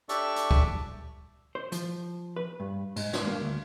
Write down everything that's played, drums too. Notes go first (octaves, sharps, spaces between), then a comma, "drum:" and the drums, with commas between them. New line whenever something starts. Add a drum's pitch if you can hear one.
D4 G4 A4 D5 E5 C#6, drum: hi-hat
drum: hi-hat
drum: kick
C5
F3, drum: hi-hat
B4
G2
G#2, drum: cymbal
D4, drum: snare
A#3
D2